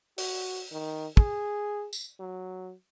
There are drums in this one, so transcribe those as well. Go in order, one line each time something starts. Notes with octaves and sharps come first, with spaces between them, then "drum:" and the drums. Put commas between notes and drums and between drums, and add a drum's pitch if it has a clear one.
F#4, drum: open hi-hat
D#3
G#4, drum: kick
drum: tambourine
F#3